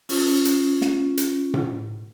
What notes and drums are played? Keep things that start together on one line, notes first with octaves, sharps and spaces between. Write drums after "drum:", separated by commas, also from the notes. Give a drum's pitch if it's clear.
C#4 F4, drum: open hi-hat
drum: hi-hat
drum: snare
drum: hi-hat
drum: tom A2